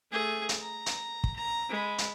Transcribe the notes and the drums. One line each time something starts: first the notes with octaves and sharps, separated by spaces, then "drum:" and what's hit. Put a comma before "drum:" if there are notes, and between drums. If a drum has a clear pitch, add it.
A3 G#4
drum: hi-hat
A#5
drum: hi-hat
drum: kick
A#5
G#3 B5
drum: hi-hat